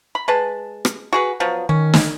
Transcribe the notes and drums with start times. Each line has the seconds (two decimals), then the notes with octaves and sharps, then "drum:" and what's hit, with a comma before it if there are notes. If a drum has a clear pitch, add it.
0.15 B5
0.28 G#3 B4 A5
0.85 drum: rim click
1.13 F#4 G#4 B4
1.40 F3 F#3 B3
1.69 D#3 C#4
1.94 drum: snare